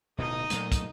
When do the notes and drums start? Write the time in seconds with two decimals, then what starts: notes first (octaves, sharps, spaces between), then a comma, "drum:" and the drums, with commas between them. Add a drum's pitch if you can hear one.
0.18 D1 B2 D#4 D#5
0.50 A#2 F#3 A3, drum: hi-hat
0.72 drum: kick, hi-hat